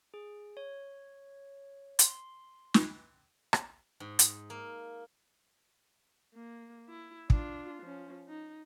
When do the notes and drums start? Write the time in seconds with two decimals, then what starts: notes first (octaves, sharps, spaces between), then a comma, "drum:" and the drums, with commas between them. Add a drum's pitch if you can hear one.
0.14 G#4
0.57 C#5
1.99 C6, drum: hi-hat
2.74 drum: snare
3.53 drum: rim click
4.00 G#2
4.19 drum: hi-hat
4.50 A#3
6.34 A#3
6.89 E4
7.30 D4 F4, drum: kick
7.82 F3 C#4
8.28 D#4